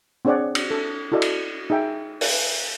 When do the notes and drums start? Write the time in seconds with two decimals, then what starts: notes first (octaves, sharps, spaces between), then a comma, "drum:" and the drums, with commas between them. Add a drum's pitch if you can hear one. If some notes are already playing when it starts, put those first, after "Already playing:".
0.25 C4 D4 G#4 C#5 D5 F#5
0.55 drum: cymbal
0.71 A4
1.12 E4 F#4 A4 D5 D#5
1.22 drum: cymbal
1.70 D#4 G#4 E5 G5
2.21 drum: open hi-hat